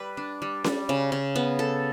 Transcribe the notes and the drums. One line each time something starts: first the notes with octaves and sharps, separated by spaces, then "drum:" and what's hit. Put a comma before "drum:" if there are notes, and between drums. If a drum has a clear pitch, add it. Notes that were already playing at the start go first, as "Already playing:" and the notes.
Already playing: G3 B4
D4
G3
G3, drum: snare C#4
C#3
C#3
B3
A4